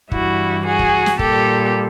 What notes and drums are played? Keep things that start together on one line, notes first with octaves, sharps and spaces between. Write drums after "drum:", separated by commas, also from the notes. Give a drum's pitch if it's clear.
G2 E3 G3 E4 F#4, drum: kick
F#4 G#4
drum: kick
drum: snare
A#2 G3 G4 A4, drum: kick